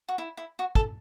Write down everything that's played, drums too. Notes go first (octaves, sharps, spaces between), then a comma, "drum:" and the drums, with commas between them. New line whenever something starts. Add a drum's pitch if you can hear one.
F#4
E4
E4
F#4
A4, drum: kick